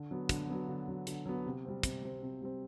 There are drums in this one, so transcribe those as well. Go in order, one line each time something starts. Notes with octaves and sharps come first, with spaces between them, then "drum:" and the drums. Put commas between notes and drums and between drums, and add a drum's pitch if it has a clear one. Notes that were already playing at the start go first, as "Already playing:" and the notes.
Already playing: D3
F#3 B3
D3, drum: kick, hi-hat
F#3 B3
D3
F#3 B3
D3, drum: hi-hat
F#3 B3
C3
G3 C4
C3, drum: kick, hi-hat
G3 C4
C3
G3 C4